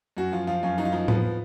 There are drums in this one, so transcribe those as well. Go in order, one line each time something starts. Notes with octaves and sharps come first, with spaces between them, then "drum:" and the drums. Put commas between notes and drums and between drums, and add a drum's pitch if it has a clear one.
F#2 F#4
F3 F4
F3 F4
F#2 F4
F#2 D#4
F4
F3 D#4
F3 B3, drum: tom A2